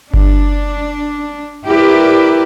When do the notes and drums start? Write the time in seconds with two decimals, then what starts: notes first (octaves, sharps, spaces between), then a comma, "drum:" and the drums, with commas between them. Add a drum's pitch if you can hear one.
0.14 D4, drum: kick G1
1.66 E4 G4 A#4 B4 D5